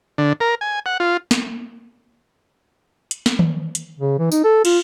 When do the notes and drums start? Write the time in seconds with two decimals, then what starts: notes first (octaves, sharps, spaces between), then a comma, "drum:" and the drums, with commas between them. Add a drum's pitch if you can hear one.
0.18 D3
0.40 A#4
0.61 G#5
0.86 F#5
1.00 F4
1.31 drum: snare
3.11 drum: hi-hat
3.26 drum: snare
3.39 drum: tom D#3
3.75 drum: hi-hat
3.99 C#3
4.19 E3
4.32 D#4, drum: tambourine
4.44 A4
4.65 F4, drum: cymbal